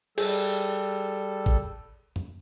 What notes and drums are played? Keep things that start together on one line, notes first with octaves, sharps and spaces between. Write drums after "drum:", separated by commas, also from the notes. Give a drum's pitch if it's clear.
G3 G#4 A4, drum: cymbal
drum: kick
drum: tom E2